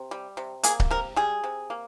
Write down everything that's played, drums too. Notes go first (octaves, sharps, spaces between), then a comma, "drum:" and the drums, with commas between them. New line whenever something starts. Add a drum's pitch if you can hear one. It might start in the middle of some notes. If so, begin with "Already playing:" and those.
Already playing: C3
G3
C3
A#3 G#4, drum: hi-hat
drum: kick C#1
C3 A#4
G3 G#4
C3
A#3